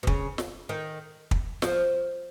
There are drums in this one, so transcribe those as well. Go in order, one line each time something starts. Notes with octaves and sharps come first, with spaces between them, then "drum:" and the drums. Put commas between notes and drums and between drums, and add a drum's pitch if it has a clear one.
B2
C#3, drum: kick
drum: snare
D#3
drum: kick
F3, drum: snare